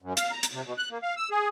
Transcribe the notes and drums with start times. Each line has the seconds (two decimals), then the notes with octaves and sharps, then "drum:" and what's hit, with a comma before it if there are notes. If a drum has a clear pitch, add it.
0.02 F#2
0.17 F5, drum: hi-hat
0.31 A#5
0.43 drum: hi-hat
0.53 C3
0.66 B2
0.78 F#6
0.91 A#3
1.03 F5
1.17 E6
1.31 G#4